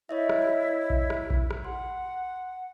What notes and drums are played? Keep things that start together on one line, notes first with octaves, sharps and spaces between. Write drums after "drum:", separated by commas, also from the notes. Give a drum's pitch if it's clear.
E4 C#5 D#5 E5
drum: rim click
drum: kick A#1
drum: rim click
drum: kick A#1
drum: rim click
F#5 C6